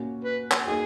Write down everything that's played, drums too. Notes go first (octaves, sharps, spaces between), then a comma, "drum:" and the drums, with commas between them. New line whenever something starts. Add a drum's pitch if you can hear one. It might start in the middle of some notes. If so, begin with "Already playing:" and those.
Already playing: A#2 A#3 C#4 F#4
B4
drum: clap
A#3 D#4 F#4 G#4